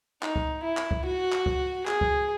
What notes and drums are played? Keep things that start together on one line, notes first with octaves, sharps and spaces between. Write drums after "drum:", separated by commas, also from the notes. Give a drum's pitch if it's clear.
D#4, drum: clap
drum: kick C#2
E4
drum: clap
drum: kick C#2
F#4
drum: clap
drum: kick C#2
G#4, drum: clap
drum: kick C#2